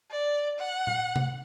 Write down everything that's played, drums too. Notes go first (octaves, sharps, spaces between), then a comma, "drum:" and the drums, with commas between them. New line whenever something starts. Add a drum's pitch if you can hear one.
D5
F#5
drum: tom A#2
drum: tom C3